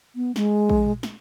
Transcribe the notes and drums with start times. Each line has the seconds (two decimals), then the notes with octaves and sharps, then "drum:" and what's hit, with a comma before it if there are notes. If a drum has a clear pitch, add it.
0.16 B3
0.36 G#3, drum: snare
0.70 drum: kick A#1
0.86 drum: tom A#2
1.03 drum: snare